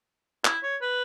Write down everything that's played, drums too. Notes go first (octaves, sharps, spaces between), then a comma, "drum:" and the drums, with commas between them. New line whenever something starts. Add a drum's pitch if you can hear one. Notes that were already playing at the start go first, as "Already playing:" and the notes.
E4, drum: clap
C#5
B4